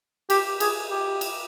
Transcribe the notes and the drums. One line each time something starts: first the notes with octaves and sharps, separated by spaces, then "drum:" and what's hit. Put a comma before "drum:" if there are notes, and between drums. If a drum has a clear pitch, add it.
G4, drum: cymbal
G#4, drum: cymbal
G4
drum: cymbal